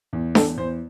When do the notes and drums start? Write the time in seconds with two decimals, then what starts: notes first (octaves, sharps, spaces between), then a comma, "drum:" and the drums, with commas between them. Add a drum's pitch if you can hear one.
0.13 E2
0.35 E2 A4, drum: snare D4
0.57 E2 C5